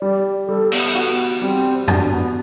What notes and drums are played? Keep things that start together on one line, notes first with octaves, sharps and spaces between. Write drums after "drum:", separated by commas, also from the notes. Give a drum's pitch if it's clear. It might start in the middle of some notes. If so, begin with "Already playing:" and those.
G3 D5
G3 A4
B3, drum: cymbal
B3 F#4
G3 C4
D4 F#4, drum: tom F2
B3